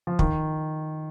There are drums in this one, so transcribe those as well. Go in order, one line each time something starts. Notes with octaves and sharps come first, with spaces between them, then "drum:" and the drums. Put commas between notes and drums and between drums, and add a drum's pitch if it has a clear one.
F3
D#3, drum: kick